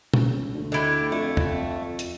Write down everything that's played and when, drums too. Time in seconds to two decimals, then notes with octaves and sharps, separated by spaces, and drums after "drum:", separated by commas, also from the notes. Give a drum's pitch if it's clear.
0.14 C#2, drum: tom
0.54 D2
0.72 D3 E4 G5
1.12 F2 A3
1.37 drum: tom
1.99 drum: hi-hat